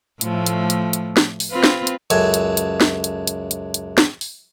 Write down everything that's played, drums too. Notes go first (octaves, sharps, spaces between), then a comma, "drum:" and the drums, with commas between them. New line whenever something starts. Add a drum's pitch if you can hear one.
A2 F3 A3, drum: hi-hat
drum: hi-hat
drum: hi-hat
drum: hi-hat
drum: snare
drum: open hi-hat
C4 F4 B4
drum: snare
drum: hi-hat
C#2 F#2 A4 G#5, drum: hi-hat
drum: hi-hat
drum: hi-hat
drum: snare
drum: hi-hat
drum: hi-hat
drum: hi-hat
drum: hi-hat
drum: snare
drum: open hi-hat